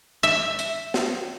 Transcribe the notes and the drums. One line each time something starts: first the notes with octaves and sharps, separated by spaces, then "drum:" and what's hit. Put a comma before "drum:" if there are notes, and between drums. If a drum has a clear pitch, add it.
E5
drum: hi-hat
drum: snare